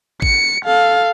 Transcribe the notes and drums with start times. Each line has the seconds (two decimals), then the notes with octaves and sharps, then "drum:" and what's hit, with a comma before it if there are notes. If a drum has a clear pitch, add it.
0.22 C#7, drum: kick A1
0.65 A4 F5